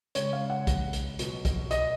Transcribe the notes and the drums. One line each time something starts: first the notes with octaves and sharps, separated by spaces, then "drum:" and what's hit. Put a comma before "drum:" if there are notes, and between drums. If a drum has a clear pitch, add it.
C#3 G#3 C#5, drum: hi-hat
F5
F#5
drum: kick, hi-hat
drum: hi-hat
B2 F#3, drum: hi-hat
drum: kick, hi-hat
D#5, drum: hi-hat